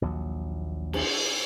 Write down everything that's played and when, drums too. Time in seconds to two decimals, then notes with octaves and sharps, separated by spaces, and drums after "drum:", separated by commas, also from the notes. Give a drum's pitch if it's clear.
0.02 A#1 D#2 F#3
0.93 drum: cymbal